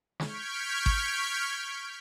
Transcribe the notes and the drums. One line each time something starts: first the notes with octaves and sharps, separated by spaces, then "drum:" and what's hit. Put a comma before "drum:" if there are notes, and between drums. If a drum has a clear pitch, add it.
C#6 F6 G6 G#6 B6 D7, drum: snare
drum: kick G#1